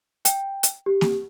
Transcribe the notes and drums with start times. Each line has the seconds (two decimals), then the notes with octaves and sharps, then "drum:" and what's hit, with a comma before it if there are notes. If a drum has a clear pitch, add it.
0.25 G5, drum: hi-hat
0.63 drum: hi-hat
0.86 G4
1.01 drum: snare A#3